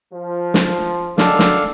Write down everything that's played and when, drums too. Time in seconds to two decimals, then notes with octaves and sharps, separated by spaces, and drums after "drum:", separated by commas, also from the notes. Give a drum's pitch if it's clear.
0.13 F3
0.54 drum: snare
1.18 D#3 F#3 G#3 D4 A4 F5, drum: snare
1.39 drum: snare